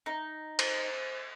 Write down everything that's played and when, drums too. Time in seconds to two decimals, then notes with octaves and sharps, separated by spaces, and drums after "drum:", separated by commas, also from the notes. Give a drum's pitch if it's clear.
0.06 D#4
0.59 C5 A6, drum: cymbal